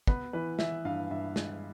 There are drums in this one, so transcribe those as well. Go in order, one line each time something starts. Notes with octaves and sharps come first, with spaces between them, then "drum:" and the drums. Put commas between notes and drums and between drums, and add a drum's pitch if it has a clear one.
B3 B4, drum: kick
E3 B4
E3 E5, drum: snare
G2 F5
G2 E5
G#3, drum: snare